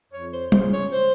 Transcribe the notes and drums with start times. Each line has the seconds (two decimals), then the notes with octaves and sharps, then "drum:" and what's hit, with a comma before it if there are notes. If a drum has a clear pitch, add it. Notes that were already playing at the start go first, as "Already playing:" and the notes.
0.12 F2 C#5
0.32 C5
0.52 C#3 F3 C5, drum: tom
0.72 C#5
0.91 C5